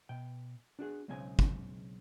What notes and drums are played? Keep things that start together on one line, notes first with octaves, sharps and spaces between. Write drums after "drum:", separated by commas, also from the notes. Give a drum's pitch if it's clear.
B2 G5
D4 F#4 G#4
B1 C#3 G#3 C4 C#5 G#5
drum: kick